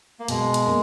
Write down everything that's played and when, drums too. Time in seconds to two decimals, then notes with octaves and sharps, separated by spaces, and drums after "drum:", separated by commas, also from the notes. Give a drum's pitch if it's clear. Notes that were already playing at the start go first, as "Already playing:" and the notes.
0.20 A#3
0.28 B2 G#3, drum: hi-hat
0.54 drum: hi-hat
0.66 A#3 C#4